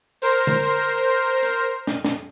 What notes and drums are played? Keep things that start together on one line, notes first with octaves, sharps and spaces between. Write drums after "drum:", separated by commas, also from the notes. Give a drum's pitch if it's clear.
A#4 C5, drum: open hi-hat
drum: tom D3
drum: hi-hat
drum: snare
drum: snare